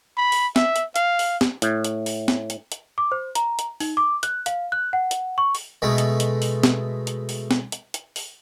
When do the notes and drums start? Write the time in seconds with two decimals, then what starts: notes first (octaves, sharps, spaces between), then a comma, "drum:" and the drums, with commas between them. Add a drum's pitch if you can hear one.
0.17 B5
0.32 drum: open hi-hat
0.56 E5, drum: snare
0.76 drum: hi-hat
0.96 F5, drum: hi-hat
1.19 drum: open hi-hat
1.41 drum: snare
1.62 A2, drum: hi-hat
1.84 drum: hi-hat
2.06 drum: open hi-hat
2.28 drum: snare
2.50 drum: hi-hat
2.72 drum: hi-hat
2.98 D6
3.12 C5
3.35 A#5, drum: hi-hat
3.59 drum: hi-hat
3.80 D#4, drum: open hi-hat
3.97 D6
4.23 F#6, drum: hi-hat
4.46 F5, drum: hi-hat
4.72 F#6
4.93 F#5
5.11 drum: hi-hat
5.38 C#6
5.55 drum: open hi-hat
5.82 B2 G#3 A3
5.98 drum: hi-hat
6.20 drum: hi-hat
6.42 drum: open hi-hat
6.63 drum: snare
7.07 drum: hi-hat
7.29 drum: open hi-hat
7.51 drum: snare
7.72 drum: hi-hat
7.94 drum: hi-hat
8.16 drum: open hi-hat